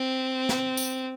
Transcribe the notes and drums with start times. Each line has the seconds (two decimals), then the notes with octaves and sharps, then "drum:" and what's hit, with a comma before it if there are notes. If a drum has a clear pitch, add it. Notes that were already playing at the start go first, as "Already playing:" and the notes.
Already playing: C4
0.49 drum: snare
0.77 drum: tambourine